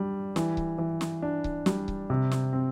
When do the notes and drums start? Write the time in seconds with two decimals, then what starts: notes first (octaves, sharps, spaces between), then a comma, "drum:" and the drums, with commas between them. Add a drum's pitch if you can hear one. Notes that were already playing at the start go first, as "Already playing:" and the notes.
Already playing: G3 D4
0.36 E3, drum: snare
0.57 drum: kick C#1
0.78 E3
1.01 drum: snare
1.22 D4
1.44 drum: kick C#1
1.66 G3, drum: snare
1.88 drum: kick C#1
2.10 C3
2.31 drum: snare
2.53 C4